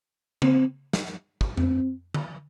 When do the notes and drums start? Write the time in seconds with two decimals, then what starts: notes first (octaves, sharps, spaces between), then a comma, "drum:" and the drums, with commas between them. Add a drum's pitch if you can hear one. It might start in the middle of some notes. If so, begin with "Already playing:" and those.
0.42 C4, drum: tom C#3
0.93 drum: snare
1.41 drum: kick
1.57 C4, drum: tom F2
2.14 drum: tom D3